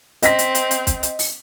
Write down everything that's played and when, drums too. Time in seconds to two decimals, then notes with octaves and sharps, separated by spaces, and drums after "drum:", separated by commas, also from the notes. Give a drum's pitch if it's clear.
0.22 C4 D#5 A#6 B6, drum: hi-hat
0.39 drum: hi-hat
0.55 drum: hi-hat
0.71 drum: hi-hat
0.87 drum: kick, hi-hat
1.03 drum: hi-hat
1.19 drum: open hi-hat